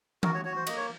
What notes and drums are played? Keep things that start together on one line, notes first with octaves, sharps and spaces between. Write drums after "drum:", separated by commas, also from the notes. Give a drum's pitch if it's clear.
F#4 A#4, drum: tom E3
C#5
F#4 C#5
C5
A#3 D#5, drum: cymbal
C#5